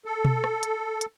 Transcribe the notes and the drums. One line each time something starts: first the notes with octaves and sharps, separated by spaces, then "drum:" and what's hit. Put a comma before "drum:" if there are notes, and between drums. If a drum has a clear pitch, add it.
A4
drum: tom B2
drum: rim click
drum: hi-hat
drum: hi-hat